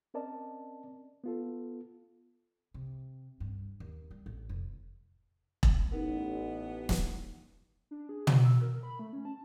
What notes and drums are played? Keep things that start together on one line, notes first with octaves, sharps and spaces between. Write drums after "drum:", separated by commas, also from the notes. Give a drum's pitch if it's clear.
C4 C#4 A#4 D5 D#5 A5
B3 F4 A4
C3
G2
D#2
G3
A1
F1
drum: kick E1
A1 B3 D#4 A#4
drum: snare
D4
G#4
F#4, drum: tom
E6
A#4
B5
A3
C#4
A5